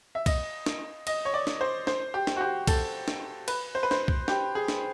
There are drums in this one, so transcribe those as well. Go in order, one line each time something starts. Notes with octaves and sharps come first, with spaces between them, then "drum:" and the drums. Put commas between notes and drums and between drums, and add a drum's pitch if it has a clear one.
E5
D#5, drum: kick C2, cymbal
drum: snare
D#5, drum: cymbal
C#5
D5
drum: snare
C5
C5, drum: snare
G4
drum: snare
F#4
G4
A4, drum: kick C2, cymbal
drum: snare
B4, drum: cymbal
C5
B4
C5, drum: snare
drum: kick C2
G4, drum: snare
G#4
drum: snare